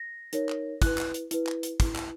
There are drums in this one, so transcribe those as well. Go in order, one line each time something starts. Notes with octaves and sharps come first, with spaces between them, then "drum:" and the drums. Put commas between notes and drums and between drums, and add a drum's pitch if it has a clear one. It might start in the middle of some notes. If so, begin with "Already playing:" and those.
Already playing: A#6
D#4 A#4 C#5, drum: hi-hat
drum: clap
E4 B4 F#6, drum: kick, hi-hat
drum: clap
drum: hi-hat
E4 B4, drum: hi-hat
drum: clap
drum: hi-hat
E4 B4, drum: kick, hi-hat
drum: clap